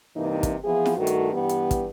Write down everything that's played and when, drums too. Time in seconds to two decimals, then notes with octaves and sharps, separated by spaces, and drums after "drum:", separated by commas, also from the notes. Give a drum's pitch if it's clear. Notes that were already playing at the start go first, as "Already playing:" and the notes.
0.16 G2 C3 E3 A#3 D#4
0.43 drum: kick, hi-hat
0.64 E3 F3 B3 E4 G#4
0.86 drum: snare
0.97 G2 D#3 A3 F#4
1.07 drum: hi-hat
1.32 G2 E3 B3 G4
1.49 drum: hi-hat
1.71 drum: kick, hi-hat